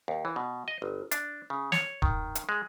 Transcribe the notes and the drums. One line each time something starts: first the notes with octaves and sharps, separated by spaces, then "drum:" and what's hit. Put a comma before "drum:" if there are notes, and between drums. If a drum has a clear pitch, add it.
D#2
E3
B2
D#5
G1
D4, drum: hi-hat
C#3
C#5, drum: snare
D#3, drum: kick
drum: hi-hat
G#3